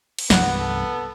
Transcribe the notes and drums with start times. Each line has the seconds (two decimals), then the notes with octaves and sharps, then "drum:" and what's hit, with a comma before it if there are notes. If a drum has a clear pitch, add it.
0.19 drum: cymbal
0.30 C2 G2 E3 B3 F#5, drum: snare
0.60 A4